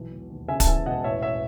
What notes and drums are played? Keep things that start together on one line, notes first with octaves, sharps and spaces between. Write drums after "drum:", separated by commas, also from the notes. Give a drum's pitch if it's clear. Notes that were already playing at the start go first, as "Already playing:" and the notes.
Already playing: B1 E3
E1
D#2
C#3 E5 G#5
A5, drum: kick, hi-hat
E3 E5 G#5
E1 D#5 F#5
A1 C#5 E5
C#5 E5